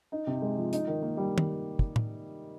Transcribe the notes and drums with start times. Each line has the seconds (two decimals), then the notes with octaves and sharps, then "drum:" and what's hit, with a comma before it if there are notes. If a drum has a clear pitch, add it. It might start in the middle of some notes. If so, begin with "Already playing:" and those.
0.12 D#4
0.27 C3
0.42 G#3
0.57 F3
0.73 D#4, drum: hi-hat
0.87 D#3
1.02 A#3
1.17 G3
1.38 drum: tom
1.79 drum: kick
1.96 drum: tom